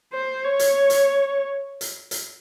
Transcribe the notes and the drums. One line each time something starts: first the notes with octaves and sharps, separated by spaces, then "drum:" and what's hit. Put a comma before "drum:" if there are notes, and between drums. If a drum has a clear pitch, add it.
C5
C#5
drum: hi-hat
drum: hi-hat
drum: hi-hat
drum: hi-hat